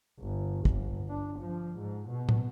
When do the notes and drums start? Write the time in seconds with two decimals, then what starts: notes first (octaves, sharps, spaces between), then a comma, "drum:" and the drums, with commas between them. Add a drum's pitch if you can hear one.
0.20 G1
0.65 G1, drum: kick
1.09 D4
1.39 F3
1.78 G#2
2.08 B2
2.29 drum: tom